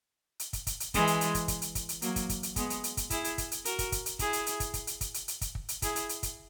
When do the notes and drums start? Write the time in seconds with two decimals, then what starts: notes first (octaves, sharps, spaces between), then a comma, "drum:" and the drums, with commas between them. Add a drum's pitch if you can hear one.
0.40 drum: hi-hat
0.53 drum: kick, hi-hat
0.67 drum: kick, hi-hat
0.80 drum: hi-hat
0.94 E3 G#3, drum: kick, hi-hat
1.07 drum: hi-hat
1.21 drum: hi-hat
1.34 drum: kick, hi-hat
1.48 drum: kick, hi-hat
1.62 drum: hi-hat
1.75 drum: kick, hi-hat
1.89 drum: hi-hat
2.02 F#3 A#3, drum: hi-hat
2.16 drum: kick, hi-hat
2.29 drum: kick, hi-hat
2.43 drum: hi-hat
2.56 G#3 B3, drum: kick, hi-hat
2.70 drum: hi-hat
2.84 drum: hi-hat
2.97 drum: kick, hi-hat
3.10 E4 G#4, drum: kick, hi-hat
3.24 drum: hi-hat
3.38 drum: kick, hi-hat
3.51 drum: hi-hat
3.65 F#4 A#4, drum: hi-hat
3.79 drum: kick, hi-hat
3.92 drum: kick, hi-hat
4.06 drum: hi-hat
4.19 E4 G#4, drum: kick, hi-hat
4.33 drum: hi-hat
4.46 drum: hi-hat
4.60 drum: kick, hi-hat
4.74 drum: kick, hi-hat
4.87 drum: hi-hat
5.01 drum: kick, hi-hat
5.14 drum: hi-hat
5.28 drum: hi-hat
5.41 drum: kick, hi-hat
5.55 drum: kick
5.69 drum: hi-hat
5.82 E4 G#4, drum: kick, hi-hat
5.96 drum: hi-hat
6.09 drum: hi-hat
6.23 drum: kick, hi-hat